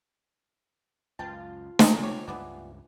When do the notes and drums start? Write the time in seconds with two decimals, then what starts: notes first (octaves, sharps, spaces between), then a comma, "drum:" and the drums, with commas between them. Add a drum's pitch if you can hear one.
1.19 C#2 F#2 F4 B4 G5 A5
1.79 F1 A#1, drum: snare
2.03 C4 G4 C#5
2.28 C#2 G2 E3 G3 B3 D4